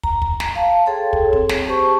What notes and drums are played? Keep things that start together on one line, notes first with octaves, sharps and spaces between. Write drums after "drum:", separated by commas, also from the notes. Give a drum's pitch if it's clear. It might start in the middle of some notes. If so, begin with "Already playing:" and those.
A#5, drum: kick
drum: kick
drum: snare
F5 A5
G#4 A4 C#5 G5 C6
drum: kick
C4, drum: kick
drum: snare
G4 G#4 C5 A5 C#6